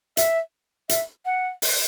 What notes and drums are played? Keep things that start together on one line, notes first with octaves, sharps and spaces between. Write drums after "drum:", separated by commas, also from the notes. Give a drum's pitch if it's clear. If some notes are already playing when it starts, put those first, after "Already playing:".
E5, drum: hi-hat
E5, drum: hi-hat
F#5
drum: open hi-hat